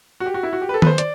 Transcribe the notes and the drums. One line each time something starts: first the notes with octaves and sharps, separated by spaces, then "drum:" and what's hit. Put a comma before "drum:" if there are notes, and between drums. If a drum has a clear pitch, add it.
F#4
G4
F#4
E4
F#4
G4
B4
A4
B4, drum: tom D#3
C5
D5, drum: hi-hat